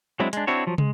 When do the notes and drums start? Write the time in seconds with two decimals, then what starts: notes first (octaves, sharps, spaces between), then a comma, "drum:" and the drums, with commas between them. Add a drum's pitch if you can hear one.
0.20 F#3 G#3 C4 D4 E4
0.33 G#3 D4, drum: hi-hat
0.47 C4 D4 E4 F#4 C#5
0.67 F3 F#3
0.78 G#3, drum: tom